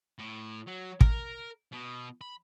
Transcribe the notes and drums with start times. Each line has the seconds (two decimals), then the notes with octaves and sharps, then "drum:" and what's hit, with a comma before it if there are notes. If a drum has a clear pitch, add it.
0.19 A2
0.67 F#3
1.01 A#4, drum: kick
1.72 B2
2.21 B5